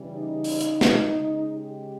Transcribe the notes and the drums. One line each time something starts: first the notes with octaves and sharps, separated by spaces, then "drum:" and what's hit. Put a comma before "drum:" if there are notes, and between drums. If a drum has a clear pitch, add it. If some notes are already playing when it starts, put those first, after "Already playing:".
Already playing: C#3 E3 G3
D#4
drum: open hi-hat
drum: hi-hat
drum: snare
C#3 G#3
G4